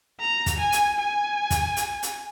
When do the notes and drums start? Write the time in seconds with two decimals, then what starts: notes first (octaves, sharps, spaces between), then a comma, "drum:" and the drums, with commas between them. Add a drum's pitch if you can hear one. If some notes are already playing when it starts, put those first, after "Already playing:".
0.20 A#5
0.46 drum: kick, hi-hat
0.59 G#5
0.72 drum: hi-hat
0.99 G#5
1.50 drum: kick, hi-hat
1.77 drum: hi-hat
2.03 drum: hi-hat